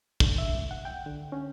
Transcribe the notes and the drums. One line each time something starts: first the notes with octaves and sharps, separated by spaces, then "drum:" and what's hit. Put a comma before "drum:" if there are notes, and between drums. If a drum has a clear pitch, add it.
D3, drum: kick
E5
C#2
F#5
G5
D3
C#4